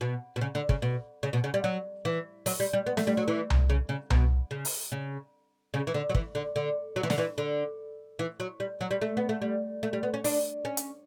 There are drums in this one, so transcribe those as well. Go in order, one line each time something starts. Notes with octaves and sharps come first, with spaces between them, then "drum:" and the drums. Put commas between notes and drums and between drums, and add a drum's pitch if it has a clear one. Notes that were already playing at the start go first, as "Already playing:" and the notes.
B2
B2
C#3
D3
C#3, drum: kick
B2
C#3
B2
C#3
G3
F#3
E3
F#3, drum: open hi-hat
G3
G3
B3
A3, drum: snare
G3
F#3
E3
drum: tom C2
C#3
C#3
B2, drum: tom C2
C#3
drum: open hi-hat
C#3
C#3
E3
D3
F#3
E3, drum: kick
D3
D3
F#3
E3
D3, drum: snare
E3
D3
E3
F#3
G3
F#3
G3
A3
B3
A3
G3
A3
G3
B3
C#4
D4, drum: open hi-hat
C#4
drum: hi-hat